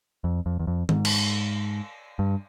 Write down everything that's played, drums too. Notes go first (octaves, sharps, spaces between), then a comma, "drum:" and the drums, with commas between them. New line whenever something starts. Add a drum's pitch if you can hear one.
F2
F2
E2
F2
G#2, drum: tom
drum: cymbal
G2